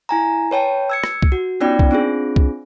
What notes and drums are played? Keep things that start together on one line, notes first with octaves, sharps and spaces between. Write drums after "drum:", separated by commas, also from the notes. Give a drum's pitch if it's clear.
E4 G#5 A#5
B4 C#5 G5 A5
E6 G#6 C#7
drum: rim click
drum: kick
F#4
B3 C#4 D#4 F4 D5 G5
drum: kick
C4 D4 F4 G#4
drum: kick